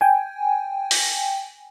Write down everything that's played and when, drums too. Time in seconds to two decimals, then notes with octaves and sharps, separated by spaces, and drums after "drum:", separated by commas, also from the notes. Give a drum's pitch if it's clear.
0.01 G5 G#5
0.91 drum: open hi-hat